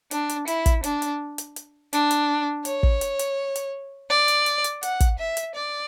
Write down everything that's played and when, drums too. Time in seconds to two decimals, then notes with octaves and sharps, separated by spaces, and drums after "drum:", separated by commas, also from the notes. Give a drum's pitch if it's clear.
0.11 D4, drum: hi-hat
0.29 drum: hi-hat
0.48 E4, drum: hi-hat
0.66 drum: kick, hi-hat
0.84 D4, drum: hi-hat
1.02 drum: hi-hat
1.38 drum: hi-hat
1.56 drum: hi-hat
1.93 D4, drum: hi-hat
2.11 drum: hi-hat
2.65 C#5, drum: hi-hat
2.83 drum: kick
3.01 drum: hi-hat
3.19 drum: hi-hat
3.56 drum: hi-hat
4.10 D5
4.28 drum: hi-hat
4.46 drum: hi-hat
4.64 drum: hi-hat
4.83 F#5, drum: hi-hat
5.00 drum: kick, hi-hat
5.18 E5
5.37 drum: hi-hat
5.55 D5